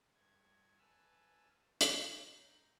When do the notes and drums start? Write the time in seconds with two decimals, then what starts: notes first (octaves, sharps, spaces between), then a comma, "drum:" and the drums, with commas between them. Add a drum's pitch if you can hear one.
0.14 G2 G#6
0.78 B4 G#5 A5 E6 F6
1.81 C#5 D#5 G#6, drum: hi-hat
2.26 D#4